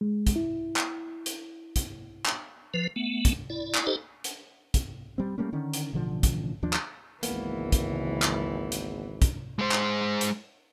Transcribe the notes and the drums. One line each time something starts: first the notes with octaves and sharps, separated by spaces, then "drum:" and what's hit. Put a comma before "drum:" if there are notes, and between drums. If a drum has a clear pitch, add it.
G#3
drum: kick, hi-hat
E4
drum: clap
drum: hi-hat
drum: kick, hi-hat
drum: clap
F3 B4
A3 B3
drum: kick, hi-hat
E4 D5
drum: clap
D#4 G4 A4 C5 D#5
drum: hi-hat
drum: kick, hi-hat
G3 C4
G3 A3 A#3 C#4
D3 D#3 C#4
drum: hi-hat
A1 B2 D3 F3
drum: kick, hi-hat
D#2 F3 D4
drum: clap
G#1 C#2 E3 A#3 B3, drum: hi-hat
drum: kick, hi-hat
drum: clap
drum: hi-hat
drum: kick, hi-hat
G#3 C5
drum: clap
drum: hi-hat